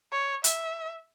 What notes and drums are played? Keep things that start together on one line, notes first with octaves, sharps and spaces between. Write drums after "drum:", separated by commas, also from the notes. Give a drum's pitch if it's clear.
C#5
E5, drum: hi-hat